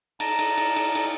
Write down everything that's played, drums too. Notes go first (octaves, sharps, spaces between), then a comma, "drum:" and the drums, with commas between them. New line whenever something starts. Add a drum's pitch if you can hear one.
A5 A#5, drum: cymbal
drum: cymbal
drum: cymbal
drum: cymbal
drum: cymbal